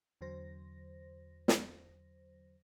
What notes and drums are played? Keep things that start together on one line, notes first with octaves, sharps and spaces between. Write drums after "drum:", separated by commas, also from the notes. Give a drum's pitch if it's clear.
E2 D3 F#3 C5 A#6
drum: snare